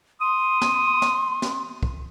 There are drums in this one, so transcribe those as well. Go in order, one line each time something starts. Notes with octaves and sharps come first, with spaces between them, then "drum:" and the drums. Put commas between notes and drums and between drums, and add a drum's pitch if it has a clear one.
C6 D#6
drum: snare
drum: snare
drum: snare
drum: kick